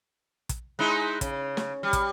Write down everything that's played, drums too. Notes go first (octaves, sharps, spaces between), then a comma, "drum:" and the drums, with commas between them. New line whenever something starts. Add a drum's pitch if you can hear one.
drum: kick, hi-hat
G#3 D#4 E4
C#3, drum: kick, hi-hat
drum: snare
G3
drum: kick, hi-hat